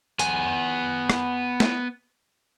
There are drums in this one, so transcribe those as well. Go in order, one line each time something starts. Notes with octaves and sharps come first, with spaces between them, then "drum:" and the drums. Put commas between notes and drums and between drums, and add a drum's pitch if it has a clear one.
B3 G#5, drum: hi-hat
drum: rim click
drum: snare